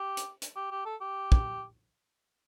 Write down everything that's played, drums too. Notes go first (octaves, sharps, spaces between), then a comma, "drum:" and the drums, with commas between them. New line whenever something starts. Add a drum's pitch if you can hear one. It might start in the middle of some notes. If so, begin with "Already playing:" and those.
Already playing: G4
drum: hi-hat
drum: hi-hat
G4
G4
A4
G4
drum: kick